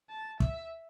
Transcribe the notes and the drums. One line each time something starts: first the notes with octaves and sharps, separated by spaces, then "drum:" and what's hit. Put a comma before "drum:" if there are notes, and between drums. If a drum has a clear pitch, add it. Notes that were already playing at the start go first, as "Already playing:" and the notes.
A5
E5, drum: kick